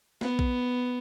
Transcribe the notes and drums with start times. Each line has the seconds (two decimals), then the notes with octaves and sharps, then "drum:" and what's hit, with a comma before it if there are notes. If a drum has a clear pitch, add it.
0.21 B3, drum: snare
0.39 drum: kick A#1